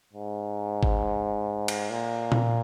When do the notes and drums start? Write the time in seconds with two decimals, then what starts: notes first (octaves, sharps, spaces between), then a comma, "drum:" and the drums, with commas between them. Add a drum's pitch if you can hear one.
0.13 G#2
0.83 drum: kick
1.68 drum: cymbal
1.90 A#2
2.32 drum: tom A#2